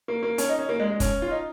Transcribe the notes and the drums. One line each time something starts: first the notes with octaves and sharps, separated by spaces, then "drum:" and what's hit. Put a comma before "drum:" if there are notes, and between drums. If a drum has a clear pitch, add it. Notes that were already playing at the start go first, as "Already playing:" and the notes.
A#3
A#3
C#4, drum: hi-hat
D#4
C#4
A#3
G#3
G#3
C#4, drum: kick, hi-hat
F4
D#4